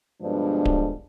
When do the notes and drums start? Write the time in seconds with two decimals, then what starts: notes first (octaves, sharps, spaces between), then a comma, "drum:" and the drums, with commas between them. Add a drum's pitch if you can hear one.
0.22 G2 B2 D3 F3 G#3 D4
0.65 drum: kick D1